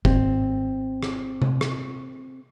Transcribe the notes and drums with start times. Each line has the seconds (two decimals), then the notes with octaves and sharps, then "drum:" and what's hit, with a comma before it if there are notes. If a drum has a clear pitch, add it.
0.05 G#1 C4, drum: kick F1
1.03 drum: rim click
1.42 drum: tom C3
1.61 drum: rim click